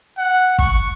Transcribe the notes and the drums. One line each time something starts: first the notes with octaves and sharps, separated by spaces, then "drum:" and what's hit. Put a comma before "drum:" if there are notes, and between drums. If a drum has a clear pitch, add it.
F#5
C#6, drum: kick